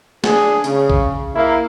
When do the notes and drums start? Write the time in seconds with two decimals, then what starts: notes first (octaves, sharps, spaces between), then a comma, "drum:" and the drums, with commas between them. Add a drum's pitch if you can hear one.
0.24 D4 G#4, drum: snare
0.64 C#3, drum: hi-hat
0.90 drum: kick
1.34 A#3 E4